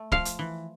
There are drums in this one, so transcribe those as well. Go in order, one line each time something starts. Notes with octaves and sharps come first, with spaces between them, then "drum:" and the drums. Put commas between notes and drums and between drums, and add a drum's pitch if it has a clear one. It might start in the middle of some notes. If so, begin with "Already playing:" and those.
Already playing: A3
F3 F5, drum: kick
drum: hi-hat
E3